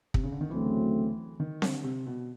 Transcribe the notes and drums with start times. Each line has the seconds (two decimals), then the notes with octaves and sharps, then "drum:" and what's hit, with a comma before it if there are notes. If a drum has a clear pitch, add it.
0.14 C3, drum: kick
0.23 C#3
0.32 D3
0.41 D#3
0.50 D2 C#3 E3 F#3 A3 C4
1.40 D#3
1.62 D3, drum: snare C4
1.84 C3
2.07 B2